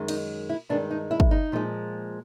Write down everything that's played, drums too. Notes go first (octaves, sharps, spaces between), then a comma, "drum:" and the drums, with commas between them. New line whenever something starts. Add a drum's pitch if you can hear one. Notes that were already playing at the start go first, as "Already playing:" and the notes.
Already playing: F#2 D#3 G#3
D#4, drum: cymbal
E4
G2 D#3 G#3 D4
D#4
E4
drum: kick
D#4
A#2 F3 G#3